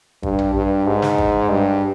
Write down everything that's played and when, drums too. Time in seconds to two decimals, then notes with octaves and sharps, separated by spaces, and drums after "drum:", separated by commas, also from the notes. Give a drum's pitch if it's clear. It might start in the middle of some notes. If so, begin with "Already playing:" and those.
0.23 G2, drum: kick
0.38 drum: tom A#1
0.55 G2
0.87 G#2
1.02 drum: snare
1.18 drum: kick
1.50 G2